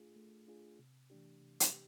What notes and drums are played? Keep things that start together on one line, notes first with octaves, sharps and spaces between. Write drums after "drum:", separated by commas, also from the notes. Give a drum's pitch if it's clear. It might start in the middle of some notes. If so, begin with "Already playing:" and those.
Already playing: A3 D4 F4 G#4
A3
D4 F4 G#4
C3
E3 A3 D4 G4
C3
drum: hi-hat
G4